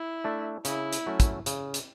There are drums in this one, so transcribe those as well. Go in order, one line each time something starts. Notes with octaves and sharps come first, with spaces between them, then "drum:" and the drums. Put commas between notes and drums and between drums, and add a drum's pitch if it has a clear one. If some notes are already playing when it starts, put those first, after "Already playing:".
Already playing: E4
A3 D4
C#3 E4, drum: hi-hat
drum: hi-hat
F#3 A3 C#4
drum: kick, hi-hat
C#3, drum: hi-hat
drum: hi-hat